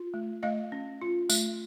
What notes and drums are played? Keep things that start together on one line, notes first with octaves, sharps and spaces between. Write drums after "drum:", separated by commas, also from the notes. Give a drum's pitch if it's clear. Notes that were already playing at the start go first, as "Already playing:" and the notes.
Already playing: F4
A3
A3 D#5 F5
C#4
F4
A3, drum: tambourine